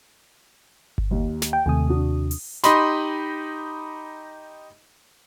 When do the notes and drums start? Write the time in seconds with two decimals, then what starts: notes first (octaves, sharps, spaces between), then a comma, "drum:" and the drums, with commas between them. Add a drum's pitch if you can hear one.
0.98 drum: kick G1
1.11 D#2
1.42 drum: snare
1.53 G5
1.66 D#2 C3 A3 G#5 D#6
1.88 D4 F#4
2.31 drum: open hi-hat
2.64 D#4 G4 D#5 B5 C6, drum: snare